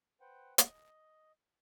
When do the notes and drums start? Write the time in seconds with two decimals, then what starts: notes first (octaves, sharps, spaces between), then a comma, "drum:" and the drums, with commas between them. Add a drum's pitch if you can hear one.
0.21 B4 C5 F#5 G5
0.58 D#5, drum: hi-hat